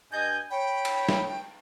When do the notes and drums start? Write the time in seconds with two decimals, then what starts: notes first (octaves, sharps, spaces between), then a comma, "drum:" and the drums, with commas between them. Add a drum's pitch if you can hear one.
0.12 G2 D#5 G#5 G6
0.50 C#5 G5 B5
0.85 drum: cymbal
1.09 drum: snare